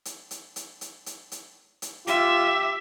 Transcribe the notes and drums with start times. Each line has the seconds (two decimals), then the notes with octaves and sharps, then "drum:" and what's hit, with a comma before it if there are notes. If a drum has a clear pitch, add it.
0.05 drum: hi-hat
0.31 drum: hi-hat
0.56 drum: hi-hat
0.81 drum: hi-hat
1.06 drum: hi-hat
1.32 drum: hi-hat
1.82 drum: hi-hat
2.07 F4 G4 E5, drum: hi-hat